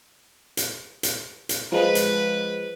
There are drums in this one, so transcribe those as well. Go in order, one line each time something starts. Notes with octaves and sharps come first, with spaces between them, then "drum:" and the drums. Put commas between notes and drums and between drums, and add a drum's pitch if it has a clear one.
drum: hi-hat
drum: hi-hat
drum: hi-hat
F3 G#3 B4
drum: hi-hat